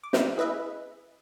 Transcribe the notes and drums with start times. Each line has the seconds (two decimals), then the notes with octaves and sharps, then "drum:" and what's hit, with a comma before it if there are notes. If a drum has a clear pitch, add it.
0.03 D6
0.13 drum: snare
0.37 E4 G#4 B4 D#5 E5